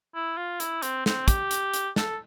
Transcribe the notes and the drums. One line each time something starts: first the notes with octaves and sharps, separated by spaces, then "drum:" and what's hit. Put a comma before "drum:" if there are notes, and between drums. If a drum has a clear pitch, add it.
E4
F4
E4, drum: hi-hat
C4, drum: hi-hat
C4, drum: snare
G4, drum: kick, hi-hat
drum: hi-hat
drum: hi-hat
A4, drum: snare